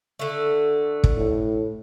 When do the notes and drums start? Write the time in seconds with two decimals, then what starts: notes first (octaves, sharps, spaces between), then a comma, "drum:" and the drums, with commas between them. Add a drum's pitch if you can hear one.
0.19 D3 A3
1.04 drum: kick
1.17 A2